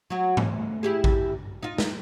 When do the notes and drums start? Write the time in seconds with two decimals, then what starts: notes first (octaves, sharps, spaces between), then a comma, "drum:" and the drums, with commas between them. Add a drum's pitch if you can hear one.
0.10 F#3 F#4
0.37 D2, drum: tom G#2
0.83 E4 G4 G#4
1.04 drum: kick A1
1.63 D#4 F4
1.78 drum: snare